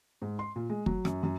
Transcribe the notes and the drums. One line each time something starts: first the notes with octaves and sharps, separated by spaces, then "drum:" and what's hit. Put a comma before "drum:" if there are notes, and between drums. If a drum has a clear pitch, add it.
G#2
C6
A#2
G#3
F#3, drum: kick
F#2, drum: rim click
F#2